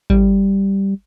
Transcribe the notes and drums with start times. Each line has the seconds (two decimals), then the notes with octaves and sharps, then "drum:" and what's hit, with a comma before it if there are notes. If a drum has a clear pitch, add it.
0.10 G3, drum: kick G#1